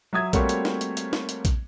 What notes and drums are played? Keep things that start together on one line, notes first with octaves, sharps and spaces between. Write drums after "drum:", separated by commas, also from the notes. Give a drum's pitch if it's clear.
F#3 E5 D#6 G#6
G3 A3 A#3 C4 F#4 C#5, drum: kick A#1, hi-hat
drum: hi-hat
drum: snare
drum: hi-hat
drum: hi-hat
drum: snare
drum: hi-hat
drum: kick A#1, hi-hat